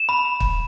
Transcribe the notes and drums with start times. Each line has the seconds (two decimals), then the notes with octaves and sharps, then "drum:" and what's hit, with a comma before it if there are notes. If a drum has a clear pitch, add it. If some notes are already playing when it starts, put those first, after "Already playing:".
Already playing: E7
0.09 B5
0.40 drum: kick